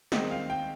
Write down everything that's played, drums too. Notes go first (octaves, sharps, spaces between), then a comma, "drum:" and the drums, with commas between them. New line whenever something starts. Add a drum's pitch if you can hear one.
D#3 G#3 C4 D#5, drum: snare
F5
G5